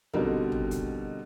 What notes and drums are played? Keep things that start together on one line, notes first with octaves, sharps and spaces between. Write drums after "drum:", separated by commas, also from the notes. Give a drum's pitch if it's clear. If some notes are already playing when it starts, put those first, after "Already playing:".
B2 D3 G3 C4 D#4 A#4, drum: kick
drum: tom
drum: kick, hi-hat